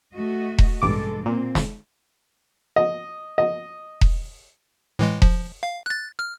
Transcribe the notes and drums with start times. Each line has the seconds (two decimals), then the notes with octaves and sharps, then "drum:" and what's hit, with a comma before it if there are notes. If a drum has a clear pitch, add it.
0.14 A3 F#4 D#5
0.58 drum: kick E1
0.82 A1 G2 B2 G#3 A4 D6
1.26 A#2 A#3 C4
1.55 drum: snare
2.76 D#5
3.38 D#5
4.01 drum: kick E1
4.99 A2 E3 G#3
5.22 F3, drum: kick E1
5.63 F5
5.86 F#6 A6
6.19 F6